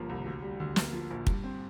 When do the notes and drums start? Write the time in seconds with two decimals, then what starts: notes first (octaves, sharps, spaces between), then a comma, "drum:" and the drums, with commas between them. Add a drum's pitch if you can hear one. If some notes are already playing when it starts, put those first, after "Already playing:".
Already playing: G1 F3 A#3
0.09 C2
0.26 D2
0.42 G3
0.60 D2
0.76 A#3, drum: snare
0.93 F3
1.11 A#1
1.27 G2, drum: kick
1.44 C4